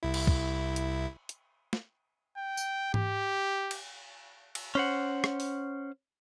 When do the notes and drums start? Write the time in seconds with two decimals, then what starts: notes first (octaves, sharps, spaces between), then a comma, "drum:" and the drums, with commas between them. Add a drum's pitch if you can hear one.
0.03 C2 E4
0.14 drum: cymbal
0.27 drum: kick
0.76 drum: hi-hat
1.29 drum: hi-hat
1.73 drum: snare
2.37 G5
2.57 drum: tambourine
2.94 G4, drum: tom G#2
3.71 drum: cymbal
4.55 drum: cymbal
4.75 C#4 C5 F#5
5.24 drum: rim click
5.40 drum: open hi-hat